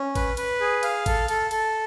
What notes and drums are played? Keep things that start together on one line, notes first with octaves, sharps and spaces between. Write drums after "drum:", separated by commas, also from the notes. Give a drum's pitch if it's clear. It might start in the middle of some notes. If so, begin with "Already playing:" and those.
Already playing: C#4
B4, drum: kick G#1, cymbal
B4, drum: cymbal
G#4
F5, drum: cymbal
A4, drum: kick G#1, cymbal
A4, drum: cymbal
A4, drum: cymbal